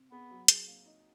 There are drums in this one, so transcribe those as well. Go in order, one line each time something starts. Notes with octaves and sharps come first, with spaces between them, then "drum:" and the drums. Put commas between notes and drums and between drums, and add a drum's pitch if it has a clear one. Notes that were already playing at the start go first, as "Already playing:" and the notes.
Already playing: C3
B3 G#4
F#3
G#4, drum: hi-hat
A#3
D#4